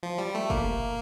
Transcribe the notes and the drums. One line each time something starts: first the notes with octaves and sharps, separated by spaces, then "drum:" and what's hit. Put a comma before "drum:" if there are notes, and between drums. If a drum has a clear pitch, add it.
F3
G3
A3
A#3, drum: kick